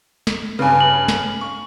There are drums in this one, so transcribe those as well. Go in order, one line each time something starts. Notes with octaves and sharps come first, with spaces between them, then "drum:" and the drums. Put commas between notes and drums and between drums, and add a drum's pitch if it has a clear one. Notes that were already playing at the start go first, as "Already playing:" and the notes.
drum: snare
G2 C#3 B4 G#5
F#7
drum: snare
C#6